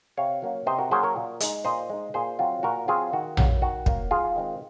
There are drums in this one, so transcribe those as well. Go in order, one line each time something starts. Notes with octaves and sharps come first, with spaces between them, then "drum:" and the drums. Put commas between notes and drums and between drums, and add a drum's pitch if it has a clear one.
C3 C#5 F5
F#3 A#3 C#4
C3 C5 D#5
F#4 A#4
F#3 A#3 C#4 G#4 C5
A#4 C#5
A#2
G#3 D#4, drum: hi-hat
A#2 C5 D#5
G#3 D#4
A#2 G#4 C5
F#3 C4 F4
A#2 F#4 A#4
F#3 C4 F4 G#4
D#3 F#4
F#3 A#3, drum: tom A#1
D#3 F#4
F#3 A#3, drum: kick
G#2 F4 G#4
D#3 G#3 C4